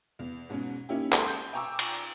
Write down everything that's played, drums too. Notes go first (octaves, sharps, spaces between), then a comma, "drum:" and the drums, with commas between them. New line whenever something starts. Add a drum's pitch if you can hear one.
E2
G#2 B2 C#4
A#3 C#4 D#4 E4 G4
G#3 A4 C6, drum: clap
G6
G5 G#5 A#5 C#6 D6 E6
drum: cymbal